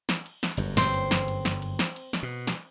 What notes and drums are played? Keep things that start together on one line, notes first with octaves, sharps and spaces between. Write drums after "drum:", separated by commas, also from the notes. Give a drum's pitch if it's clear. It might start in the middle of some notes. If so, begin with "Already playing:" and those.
drum: snare
drum: cymbal
drum: snare
G1 F#2, drum: cymbal
C4, drum: snare
drum: cymbal
drum: snare
drum: cymbal
drum: snare
drum: cymbal
drum: snare
drum: cymbal
drum: snare
B2
drum: snare